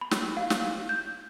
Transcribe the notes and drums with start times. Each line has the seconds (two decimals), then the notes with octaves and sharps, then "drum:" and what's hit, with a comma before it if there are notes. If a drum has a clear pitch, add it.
0.01 B5
0.11 drum: snare
0.37 F5
0.50 drum: snare
0.89 G6